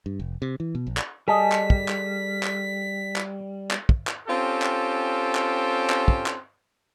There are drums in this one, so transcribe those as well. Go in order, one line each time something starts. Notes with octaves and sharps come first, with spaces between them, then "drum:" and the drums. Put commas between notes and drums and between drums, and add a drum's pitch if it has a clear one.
G2
F1
C3
E3
B2
A#1
drum: clap
G3 G#4 A4 D#5 B6
drum: clap
drum: kick
drum: clap
drum: clap
drum: clap
drum: clap
drum: kick
drum: clap
C4 C#4 F4 G4 A4
drum: clap
drum: clap
drum: clap
drum: kick
drum: clap